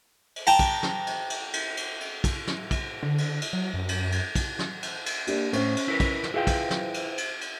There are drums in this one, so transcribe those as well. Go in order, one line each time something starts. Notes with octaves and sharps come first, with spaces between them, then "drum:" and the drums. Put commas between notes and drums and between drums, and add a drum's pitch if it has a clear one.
drum: cymbal
G5 A5 A#5
drum: kick, cymbal
drum: snare
drum: cymbal
drum: cymbal
drum: cymbal
drum: cymbal
drum: cymbal
drum: kick, cymbal
drum: snare
drum: kick, cymbal
D3
drum: cymbal
drum: cymbal
F#3
F#2
drum: cymbal
drum: cymbal
drum: kick, cymbal
drum: snare
drum: cymbal
drum: cymbal
A#3 D4 G4, drum: cymbal
A2 C#4 C5, drum: cymbal
drum: cymbal
E4 A#4 B4
drum: kick, cymbal
drum: snare
E4 F4 G#4 B4 G5
drum: kick, cymbal
drum: snare
drum: cymbal
drum: cymbal
drum: cymbal